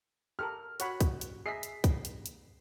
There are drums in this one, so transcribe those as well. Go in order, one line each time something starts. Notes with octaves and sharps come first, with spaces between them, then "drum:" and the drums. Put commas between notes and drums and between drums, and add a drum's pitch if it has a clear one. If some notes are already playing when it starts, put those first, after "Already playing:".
G4 A4 A#4 F6
F#4 C#5 F#5 B5 C#6, drum: hi-hat
drum: kick, hi-hat
drum: hi-hat
G#4 D#5 E5 B6 C7
drum: hi-hat
drum: kick, hi-hat
drum: hi-hat
drum: hi-hat